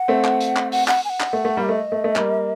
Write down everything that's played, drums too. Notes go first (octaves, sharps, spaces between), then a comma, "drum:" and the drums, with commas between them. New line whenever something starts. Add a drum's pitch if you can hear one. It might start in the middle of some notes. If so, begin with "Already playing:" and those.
Already playing: F#5
A3 C4
drum: clap
drum: hi-hat
drum: clap
F#5, drum: open hi-hat
F#5, drum: clap
G#5
F#5
drum: clap
A3
A3
G3 A#3
A3 D#5
A3
A3
G3 A#3, drum: clap